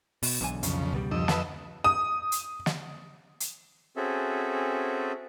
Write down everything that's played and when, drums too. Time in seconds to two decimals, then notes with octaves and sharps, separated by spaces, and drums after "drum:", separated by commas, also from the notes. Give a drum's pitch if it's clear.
0.23 B2, drum: open hi-hat
0.41 B1 E2 D3 G#5
0.63 F2 C#3, drum: hi-hat
0.93 C#2 B2 G3
1.11 F2 F3 D4 D#5 E6
1.28 B4 F5 A5, drum: snare
1.84 D#6
2.32 drum: hi-hat
2.66 drum: snare
3.40 drum: hi-hat
3.96 C4 C#4 F#4 G#4 A4 E5